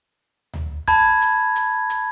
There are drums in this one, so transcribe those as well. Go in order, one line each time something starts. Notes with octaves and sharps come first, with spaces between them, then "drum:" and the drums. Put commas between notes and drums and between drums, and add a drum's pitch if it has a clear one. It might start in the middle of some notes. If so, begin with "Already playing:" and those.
drum: tom D2
A5 B5 G#6, drum: kick, hi-hat
drum: hi-hat
drum: hi-hat
drum: hi-hat